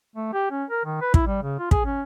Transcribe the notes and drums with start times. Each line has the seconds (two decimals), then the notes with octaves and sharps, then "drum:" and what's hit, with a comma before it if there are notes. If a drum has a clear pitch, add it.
0.16 A3
0.33 G4
0.51 C#4
0.70 A#4
0.85 D#3
1.01 B4
1.14 E4, drum: kick
1.27 G3
1.42 C#3
1.59 F4
1.71 G#4, drum: kick
1.86 C#4